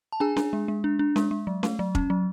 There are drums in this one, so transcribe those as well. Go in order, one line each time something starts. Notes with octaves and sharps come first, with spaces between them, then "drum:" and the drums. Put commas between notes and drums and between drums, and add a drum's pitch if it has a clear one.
A5
D4 G#4 G#5
D4, drum: snare C#4
G#3
G#3
D4
D4
G#3, drum: snare C#4
G#3
F#3
A3, drum: snare C#4
F#3
C#4, drum: kick
F#3